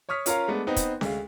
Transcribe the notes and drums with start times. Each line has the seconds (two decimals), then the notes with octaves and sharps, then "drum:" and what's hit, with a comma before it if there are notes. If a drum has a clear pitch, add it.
0.09 C#5 C#6 D#6 F6 B6
0.26 C#4 F4 A#4 C#5 F5 A#5, drum: hi-hat
0.48 G#3 A3 B3 D4
0.67 B3 C4 D#4
0.76 drum: kick, hi-hat
1.01 D2 G#3 F5, drum: snare C#4